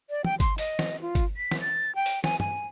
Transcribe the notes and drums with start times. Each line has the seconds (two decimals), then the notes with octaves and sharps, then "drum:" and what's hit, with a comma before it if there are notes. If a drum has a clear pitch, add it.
0.10 D5
0.25 G5, drum: tom
0.40 C6, drum: kick G1, hi-hat
0.58 D#5, drum: open hi-hat
0.79 drum: snare
1.01 F4
1.15 drum: kick G1, hi-hat
1.37 B6
1.51 drum: snare
1.61 A6
1.95 G5
2.06 drum: open hi-hat
2.24 G#5, drum: snare
2.40 G#5, drum: tom